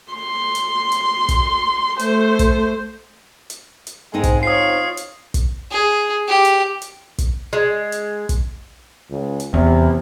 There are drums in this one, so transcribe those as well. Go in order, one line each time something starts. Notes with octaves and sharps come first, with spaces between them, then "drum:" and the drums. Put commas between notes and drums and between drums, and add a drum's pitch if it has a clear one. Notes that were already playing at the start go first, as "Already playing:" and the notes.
C6
drum: hi-hat
drum: hi-hat
drum: kick, hi-hat
A3 C5, drum: hi-hat
drum: kick, hi-hat
drum: hi-hat
drum: hi-hat
G#2 G#3 C4 D#4
drum: kick, hi-hat
F4 C#5 D#6 C7
drum: hi-hat
drum: kick, hi-hat
G#4
G4
drum: hi-hat
drum: hi-hat
drum: kick, hi-hat
G#3
drum: hi-hat
drum: kick, hi-hat
C#2
drum: hi-hat
E2 C3